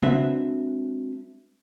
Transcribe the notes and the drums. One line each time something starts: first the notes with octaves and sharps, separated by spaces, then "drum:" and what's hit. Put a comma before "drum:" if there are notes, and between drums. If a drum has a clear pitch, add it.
G#3 C4 D4 F#4 B4 E5, drum: tom C#3